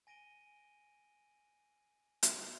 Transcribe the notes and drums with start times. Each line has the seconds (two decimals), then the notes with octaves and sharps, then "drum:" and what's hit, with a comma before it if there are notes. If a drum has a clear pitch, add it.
0.07 G#5 A#6 D7 D#7 G7
2.23 drum: hi-hat